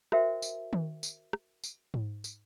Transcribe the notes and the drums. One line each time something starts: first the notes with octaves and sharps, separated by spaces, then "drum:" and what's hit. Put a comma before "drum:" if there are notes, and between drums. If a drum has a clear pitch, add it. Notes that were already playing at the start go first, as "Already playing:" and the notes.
F#4 A#4 C5 E5 G5, drum: rim click
drum: tambourine
drum: tom D#3
drum: tambourine
drum: rim click
drum: tambourine
drum: tom G#2
drum: tambourine